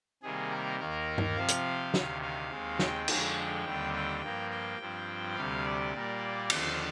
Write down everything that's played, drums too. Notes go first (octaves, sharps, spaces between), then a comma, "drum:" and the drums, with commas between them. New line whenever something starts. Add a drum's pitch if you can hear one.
C3 D#3 G3 A#3 G#4
A#4
D#2 D#3 A#3 A#4
drum: tom G2
C3 F3 C4 F5
drum: hi-hat
D2 C3 D#3, drum: snare
F5
D#2 D#3 G#3 C4
G5, drum: snare
F2 D3 F3 G#3, drum: cymbal
D#2 D3 G3 C4
G5
G2 F3 A#3
G5
G2 F3 C4
D2 C3 G3 F5
D5
A#2 G3 A#3
D#2 D3 F3 C5, drum: cymbal